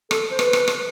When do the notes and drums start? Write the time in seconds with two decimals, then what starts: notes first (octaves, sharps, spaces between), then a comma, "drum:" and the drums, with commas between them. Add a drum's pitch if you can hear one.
0.11 A4, drum: rim click
0.31 C5
0.39 B4, drum: rim click
0.53 drum: rim click
0.68 drum: rim click